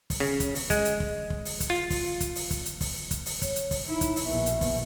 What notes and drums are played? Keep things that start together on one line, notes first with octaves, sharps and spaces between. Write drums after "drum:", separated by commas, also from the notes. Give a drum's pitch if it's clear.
drum: kick, open hi-hat
C#3
drum: kick, hi-hat
drum: open hi-hat
G#3, drum: kick, hi-hat
drum: hi-hat
drum: kick
drum: kick
drum: open hi-hat
drum: kick, hi-hat
F4
drum: kick, open hi-hat
drum: kick, hi-hat
drum: open hi-hat
drum: kick, hi-hat
drum: hi-hat
drum: kick, open hi-hat
drum: kick, hi-hat
drum: open hi-hat
C#5, drum: kick, hi-hat
drum: hi-hat
drum: kick, open hi-hat
D#4 E4
drum: kick, hi-hat
drum: open hi-hat
A#1 B2 E5
drum: hi-hat
drum: kick, open hi-hat